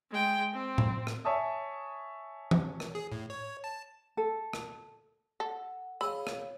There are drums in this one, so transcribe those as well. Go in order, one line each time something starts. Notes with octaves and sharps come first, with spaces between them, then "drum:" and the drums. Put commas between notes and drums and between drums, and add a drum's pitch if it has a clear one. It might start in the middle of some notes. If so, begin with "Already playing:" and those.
G#3 G5
C4
drum: tom A2
drum: rim click
C#5 E5 G#5 A5 D#6
drum: tom E3
drum: rim click
G#4
A2
C#5
A5
A4
drum: rim click
A4 F#5
G#4 C#5 D#5 F5 B5 E6
drum: rim click